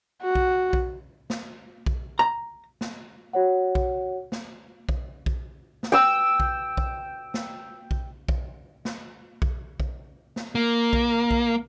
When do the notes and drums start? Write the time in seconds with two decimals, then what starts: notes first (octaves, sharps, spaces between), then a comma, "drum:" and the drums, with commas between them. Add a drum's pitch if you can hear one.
0.23 F#4
0.35 drum: kick B1
0.73 drum: kick B1
1.30 drum: snare
1.86 drum: kick B1
2.19 A#5
2.81 drum: snare
3.33 F#4 C#5 F#5
3.75 drum: kick B1
4.32 drum: snare
4.89 drum: kick B1
5.26 drum: kick B1
5.83 drum: snare
5.92 G5 E6
6.40 drum: kick B1
6.77 drum: kick B1
7.34 drum: snare
7.91 drum: kick B1
8.29 drum: kick B1
8.85 drum: snare
9.42 drum: kick B1
9.80 drum: kick B1
10.36 drum: snare
10.55 A#3
10.93 drum: kick B1
11.31 drum: kick B1